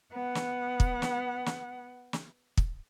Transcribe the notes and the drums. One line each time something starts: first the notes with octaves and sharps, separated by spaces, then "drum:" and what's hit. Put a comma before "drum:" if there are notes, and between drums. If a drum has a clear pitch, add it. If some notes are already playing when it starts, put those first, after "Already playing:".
B3 F#5
drum: snare
drum: kick
drum: snare
drum: snare
drum: snare
drum: kick